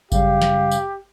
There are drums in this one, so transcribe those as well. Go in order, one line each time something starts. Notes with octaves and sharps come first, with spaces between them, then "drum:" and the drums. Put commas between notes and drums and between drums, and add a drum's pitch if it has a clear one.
F#2 C#3 G3 G4 F5, drum: kick G#1, tambourine
drum: snare
drum: tambourine